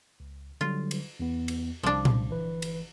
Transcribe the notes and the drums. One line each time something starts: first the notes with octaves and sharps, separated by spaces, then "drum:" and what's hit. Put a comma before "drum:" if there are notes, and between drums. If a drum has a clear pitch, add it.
C#2
D3 F#3 G3 F4
drum: cymbal
E2 B3
drum: cymbal
C2 F3 D4
drum: tom A#2
G1 E3 B4
drum: cymbal